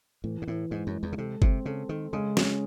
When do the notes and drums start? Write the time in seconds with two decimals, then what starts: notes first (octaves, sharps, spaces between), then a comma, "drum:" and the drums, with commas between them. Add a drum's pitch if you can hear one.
0.24 A2 E3
0.42 G#2
0.47 A2 E3
0.70 G#2 G#3
0.87 F#2
0.94 G#3
1.03 E2
1.13 C#3
1.18 C3 A4
1.42 C3 C4, drum: kick G1
1.66 C#3 A4
1.89 D#3 A4
2.13 C#3 G#3
2.37 C#4, drum: snare